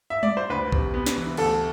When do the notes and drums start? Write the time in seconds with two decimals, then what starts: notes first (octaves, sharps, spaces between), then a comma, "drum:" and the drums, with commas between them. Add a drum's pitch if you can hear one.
0.10 E5
0.23 D5, drum: tom G3
0.37 C5
0.50 D2 B4
0.72 C3, drum: kick A#1
0.94 B3
1.06 drum: snare
1.16 E3
1.37 D2 A4, drum: cymbal